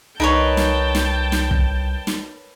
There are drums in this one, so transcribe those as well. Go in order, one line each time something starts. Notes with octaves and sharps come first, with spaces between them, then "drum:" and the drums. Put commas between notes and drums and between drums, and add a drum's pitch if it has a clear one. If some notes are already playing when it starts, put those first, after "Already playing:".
C2 D#4 A#4 B4 C#5 G5 A5
drum: snare
drum: snare
drum: snare
drum: kick
drum: snare